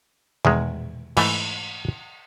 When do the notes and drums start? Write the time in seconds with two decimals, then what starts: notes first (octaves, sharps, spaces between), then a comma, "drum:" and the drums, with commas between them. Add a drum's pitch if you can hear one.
0.45 E2 D#3 G#3, drum: tom B2
1.17 G#2 E3 A3, drum: cymbal